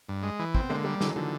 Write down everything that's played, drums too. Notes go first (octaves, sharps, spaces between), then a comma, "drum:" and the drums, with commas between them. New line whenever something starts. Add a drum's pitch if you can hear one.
G2
G#3
E3
C4, drum: kick
B3
D3 G#3 A#3
G3 G#3 A#3
D3 E3 F#3, drum: snare
D3 D#3 F3